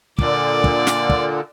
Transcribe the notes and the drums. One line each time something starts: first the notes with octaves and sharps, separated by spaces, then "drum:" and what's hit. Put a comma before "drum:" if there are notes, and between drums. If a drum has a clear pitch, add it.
A#2 D3 D5, drum: kick
drum: kick
drum: snare
drum: kick